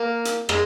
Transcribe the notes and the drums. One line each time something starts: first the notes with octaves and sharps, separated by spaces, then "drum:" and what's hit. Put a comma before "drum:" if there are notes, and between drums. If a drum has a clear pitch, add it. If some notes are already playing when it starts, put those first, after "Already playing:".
Already playing: A#3
drum: hi-hat
G#3, drum: rim click